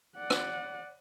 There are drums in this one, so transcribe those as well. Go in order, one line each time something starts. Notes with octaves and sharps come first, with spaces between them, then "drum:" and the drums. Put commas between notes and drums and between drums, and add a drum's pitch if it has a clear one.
D5 F#5
drum: rim click